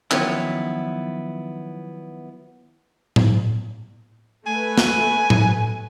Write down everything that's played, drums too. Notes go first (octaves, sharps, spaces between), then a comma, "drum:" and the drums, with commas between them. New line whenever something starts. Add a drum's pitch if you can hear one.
D#3 F3 F#3 B3 C#4 E4, drum: clap
drum: tom A2
A3 B4 G#5
drum: snare
drum: tom A2